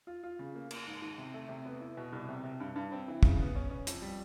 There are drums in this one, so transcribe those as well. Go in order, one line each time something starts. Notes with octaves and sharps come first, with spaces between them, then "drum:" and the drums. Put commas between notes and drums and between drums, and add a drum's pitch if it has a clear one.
F4
F4
C#3
A#3
A#3, drum: cymbal
G#2
D#3
C3
A3
C3
B3
E4
B2
C2
C3
C3
G2
G2
C4
E3
C#3, drum: kick
B3
C#4
C#4
F2, drum: hi-hat
G3